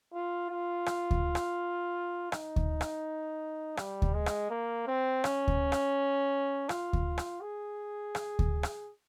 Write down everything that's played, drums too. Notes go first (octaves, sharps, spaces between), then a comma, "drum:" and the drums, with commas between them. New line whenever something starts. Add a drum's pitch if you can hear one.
F4
F4
drum: rim click
drum: kick D2
drum: rim click
D#4, drum: rim click
drum: kick D2
drum: rim click
G3, drum: rim click
drum: kick D2
G#3
drum: rim click
A#3
C4
C#4, drum: rim click
drum: kick D2
drum: rim click
F4, drum: rim click
drum: kick D2
drum: rim click
G#4
drum: rim click
drum: kick D2
drum: rim click